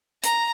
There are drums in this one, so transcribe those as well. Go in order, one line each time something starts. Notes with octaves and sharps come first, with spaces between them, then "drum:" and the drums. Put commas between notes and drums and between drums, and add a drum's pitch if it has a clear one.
A#5, drum: hi-hat